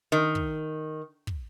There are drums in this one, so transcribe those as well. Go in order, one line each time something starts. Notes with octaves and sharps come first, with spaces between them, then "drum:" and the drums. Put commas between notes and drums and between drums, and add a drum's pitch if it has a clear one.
D#3
drum: kick
drum: kick